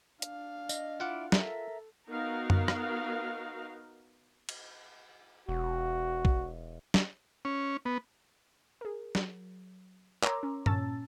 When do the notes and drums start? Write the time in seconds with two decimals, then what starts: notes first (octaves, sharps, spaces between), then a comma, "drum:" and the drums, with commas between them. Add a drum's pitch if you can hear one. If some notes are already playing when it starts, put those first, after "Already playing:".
0.22 D4 F5, drum: hi-hat
0.69 D#5, drum: tambourine
1.00 E4 F4 F#5 D6
1.32 A4 A#4 E5 A#5, drum: snare
2.10 B3 D#4 F#4 A#4 F5
2.50 drum: tom F#2
2.68 drum: rim click
4.49 drum: cymbal
5.49 E1 F#4
6.25 drum: kick A#1
6.94 drum: snare
7.45 C#4
7.85 B3
8.81 G#4 A#4
9.15 F#3, drum: snare
10.23 A#4 C#5 A#5 C6 D6 E6, drum: clap
10.43 C#4
10.66 A#2 C#4 A5 E6 A6, drum: tom G2